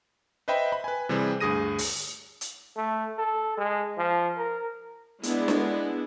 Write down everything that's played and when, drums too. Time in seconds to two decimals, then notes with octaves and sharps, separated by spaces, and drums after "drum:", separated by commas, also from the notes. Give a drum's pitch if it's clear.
0.48 B4 C5 D#5 E5 G5 B5
0.72 B5
0.84 B4 G#5
1.09 C3 E3 G3 C4 G#4
1.40 D2 G2 G#4 D#6 A#6 D#7
1.78 drum: open hi-hat
2.41 drum: hi-hat
2.77 A3
3.18 A4
3.57 G#3
3.98 F3
4.38 A#4
5.23 G#3 B3 D4 E4, drum: hi-hat
5.48 drum: snare D4